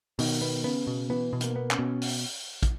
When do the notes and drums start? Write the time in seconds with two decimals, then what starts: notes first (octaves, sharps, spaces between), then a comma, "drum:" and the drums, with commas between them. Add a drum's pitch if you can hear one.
0.19 B2 D#3, drum: open hi-hat
0.42 B3
0.64 C#3 B3
0.87 B2
1.10 E3 B3
1.33 B2
1.41 A#3, drum: hi-hat
1.56 B3
1.71 C#4, drum: clap
1.79 B2
2.02 drum: open hi-hat
2.63 drum: kick, hi-hat